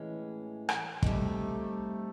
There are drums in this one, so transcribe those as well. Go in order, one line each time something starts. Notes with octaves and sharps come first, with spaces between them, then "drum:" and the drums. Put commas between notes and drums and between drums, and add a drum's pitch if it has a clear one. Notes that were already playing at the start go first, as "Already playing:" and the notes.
Already playing: A2 E3 G#3 C#4
drum: rim click
G3 A3 C4 D#4, drum: kick